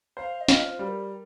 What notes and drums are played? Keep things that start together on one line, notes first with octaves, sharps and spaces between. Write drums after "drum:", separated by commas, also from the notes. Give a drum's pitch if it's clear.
C5 F5
D#5
F4, drum: snare
C5
G3
A#4